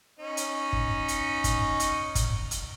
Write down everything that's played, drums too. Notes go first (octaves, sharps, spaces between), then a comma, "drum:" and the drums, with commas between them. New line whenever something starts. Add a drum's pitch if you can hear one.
C#4 D#4
drum: hi-hat
drum: kick
drum: hi-hat
drum: kick, hi-hat
drum: hi-hat
drum: kick, hi-hat
drum: hi-hat